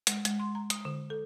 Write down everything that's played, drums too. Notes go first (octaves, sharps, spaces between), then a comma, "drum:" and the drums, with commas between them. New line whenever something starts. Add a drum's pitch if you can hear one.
G#3, drum: hi-hat
G#3, drum: hi-hat
C6
A#5
D#6, drum: hi-hat
D3
A4